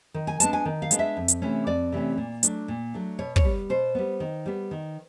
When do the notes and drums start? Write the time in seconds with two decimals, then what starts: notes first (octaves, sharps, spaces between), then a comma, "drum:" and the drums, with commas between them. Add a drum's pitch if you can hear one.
0.14 D#3
0.27 G#5
0.40 G#3 B3 D4 A5, drum: hi-hat
0.53 G#5
0.65 D#3
0.82 F5
0.91 G#3 B3 D4, drum: hi-hat
0.99 E5
1.17 F2
1.28 drum: hi-hat
1.42 C3 E3 A3 C#4
1.67 F2 D5
1.92 C3 E3 A3 C#4
2.17 A#2
2.43 F#3 A3 D4, drum: hi-hat
2.68 A#2
2.94 F#3 A3 D4
3.19 B2 C#5
3.36 C#5, drum: kick
3.44 G3 B3
3.69 B2 C5
3.95 G3 B3
4.20 D#3
4.46 G3 B3
4.71 D#3